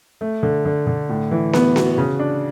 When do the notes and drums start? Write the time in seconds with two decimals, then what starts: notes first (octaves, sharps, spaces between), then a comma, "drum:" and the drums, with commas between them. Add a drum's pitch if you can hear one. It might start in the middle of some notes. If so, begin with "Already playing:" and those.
0.21 A3
0.43 D3
0.65 D3
0.87 D3
1.09 A2
1.31 E3
1.53 B3, drum: snare
1.76 F#4, drum: snare
1.98 C#3
2.19 D4